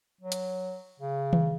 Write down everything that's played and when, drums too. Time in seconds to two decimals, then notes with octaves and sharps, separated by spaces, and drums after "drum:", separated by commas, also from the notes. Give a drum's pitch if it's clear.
0.21 F#3
0.32 drum: hi-hat
1.00 C#3
1.33 drum: tom D#3